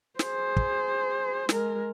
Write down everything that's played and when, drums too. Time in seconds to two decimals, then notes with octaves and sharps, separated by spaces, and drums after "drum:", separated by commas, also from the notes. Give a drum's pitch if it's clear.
0.19 G#4 C5, drum: snare
0.56 drum: kick
1.49 G#3 A#4, drum: snare